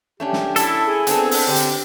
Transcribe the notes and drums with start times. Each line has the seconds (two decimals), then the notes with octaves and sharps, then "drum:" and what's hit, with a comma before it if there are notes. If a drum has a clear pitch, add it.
0.20 A3 C#4 D4 G4
0.33 drum: snare
0.56 E4 A4 A5, drum: hi-hat
0.86 G#4
1.07 B3 C4 D4 A4, drum: hi-hat
1.31 drum: open hi-hat
1.47 D3 G4
1.56 drum: hi-hat